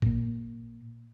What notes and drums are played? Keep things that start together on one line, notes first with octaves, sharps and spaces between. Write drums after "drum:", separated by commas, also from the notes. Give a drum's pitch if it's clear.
A#2 A#3, drum: kick